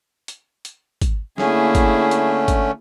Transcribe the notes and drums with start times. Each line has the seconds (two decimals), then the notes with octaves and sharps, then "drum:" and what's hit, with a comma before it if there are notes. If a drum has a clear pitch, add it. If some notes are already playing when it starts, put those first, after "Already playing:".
0.28 drum: hi-hat
0.65 drum: hi-hat
1.02 drum: kick, hi-hat
1.38 D3 A3 A#3 C#4 E4 G#4, drum: snare
1.75 drum: kick, hi-hat
2.11 drum: hi-hat
2.48 drum: kick, hi-hat